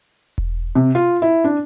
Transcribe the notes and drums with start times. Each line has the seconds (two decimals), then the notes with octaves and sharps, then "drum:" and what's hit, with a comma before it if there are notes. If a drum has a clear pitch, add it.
0.38 drum: kick E1
0.75 C3
0.95 F4
1.22 E4
1.44 D4